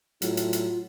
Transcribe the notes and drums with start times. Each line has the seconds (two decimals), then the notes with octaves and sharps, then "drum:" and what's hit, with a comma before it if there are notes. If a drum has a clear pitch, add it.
0.22 A2 F#3 F4, drum: hi-hat
0.37 drum: hi-hat
0.53 drum: hi-hat